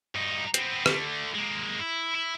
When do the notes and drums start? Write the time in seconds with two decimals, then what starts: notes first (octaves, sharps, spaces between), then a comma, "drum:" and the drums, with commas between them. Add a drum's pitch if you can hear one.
0.15 G2 D#4
0.54 B3 C4, drum: hi-hat
0.86 D3 A3, drum: rim click
1.35 G#3 A#3
1.80 E4
2.16 E4